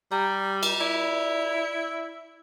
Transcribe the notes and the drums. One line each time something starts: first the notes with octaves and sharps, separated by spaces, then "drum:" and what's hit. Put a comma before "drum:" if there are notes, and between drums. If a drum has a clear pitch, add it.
G3 A#5
drum: cymbal
E4 D5 B5